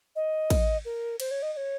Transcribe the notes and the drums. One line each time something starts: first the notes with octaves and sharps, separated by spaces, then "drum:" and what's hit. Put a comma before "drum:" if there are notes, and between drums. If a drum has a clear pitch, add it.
D#5
drum: kick, cymbal
A#4
C5, drum: cymbal
C#5
D#5
D#5
C#5